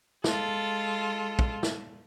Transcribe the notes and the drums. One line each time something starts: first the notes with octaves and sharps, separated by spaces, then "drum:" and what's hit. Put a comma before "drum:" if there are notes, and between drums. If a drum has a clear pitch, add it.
G#3 F4 A4, drum: snare
drum: kick
drum: snare